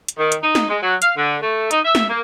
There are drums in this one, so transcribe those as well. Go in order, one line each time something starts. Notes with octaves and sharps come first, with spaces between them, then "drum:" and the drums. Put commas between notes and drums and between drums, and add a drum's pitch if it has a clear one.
drum: hi-hat
D#3
drum: hi-hat
D#4
drum: snare
G#3
F#3
F5, drum: hi-hat
D3
A3
D#4, drum: hi-hat
E5
drum: snare
A#3